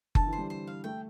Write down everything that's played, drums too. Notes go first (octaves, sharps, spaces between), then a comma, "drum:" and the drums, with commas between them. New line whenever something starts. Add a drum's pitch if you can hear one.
D3 A5, drum: kick F#1
E3
C5
G3
C5
F5
A3 G5